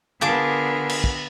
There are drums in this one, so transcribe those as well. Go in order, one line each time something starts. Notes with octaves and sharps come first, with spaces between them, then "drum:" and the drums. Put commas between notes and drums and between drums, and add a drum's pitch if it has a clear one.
D3 B3 F4 G#4 A#4 A5 D6
drum: cymbal
drum: kick